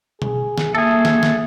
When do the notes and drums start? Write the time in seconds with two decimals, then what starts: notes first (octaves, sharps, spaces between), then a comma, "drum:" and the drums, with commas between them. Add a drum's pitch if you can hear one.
0.22 G#4, drum: tom B2
0.58 drum: snare
0.75 A#3 G#4 A4 E5
1.05 drum: snare
1.23 drum: snare